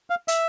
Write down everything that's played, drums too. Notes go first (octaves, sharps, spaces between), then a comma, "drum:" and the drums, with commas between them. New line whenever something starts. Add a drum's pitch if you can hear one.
F5
E5, drum: hi-hat